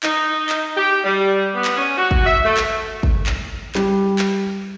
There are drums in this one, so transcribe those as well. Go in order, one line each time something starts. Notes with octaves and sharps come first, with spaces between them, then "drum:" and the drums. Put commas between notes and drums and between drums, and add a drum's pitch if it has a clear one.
D#4, drum: clap
drum: clap
G4
G3
B3
drum: clap
C#4
F#4
drum: kick
E5
A3
drum: clap
drum: kick
drum: clap
G3, drum: clap
drum: clap